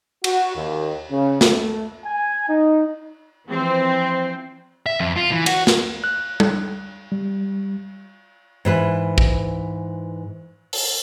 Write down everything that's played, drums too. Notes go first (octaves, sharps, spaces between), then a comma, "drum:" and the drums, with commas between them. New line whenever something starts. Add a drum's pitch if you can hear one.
F#4, drum: cymbal
D#2
C#3
A3, drum: snare
G#5
D#4
E3 F3 C4
E5
F2
F4
E3
F#4, drum: cymbal
drum: snare
F#6
drum: tom G3
G3
G#2 E3 B4
drum: kick
drum: open hi-hat